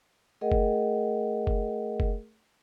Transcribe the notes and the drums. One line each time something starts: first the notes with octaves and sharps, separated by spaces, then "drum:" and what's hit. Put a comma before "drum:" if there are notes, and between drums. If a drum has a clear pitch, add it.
A3 G#4 A#4 D#5 F#5 G5
drum: kick F#1
drum: kick F#1
drum: kick F#1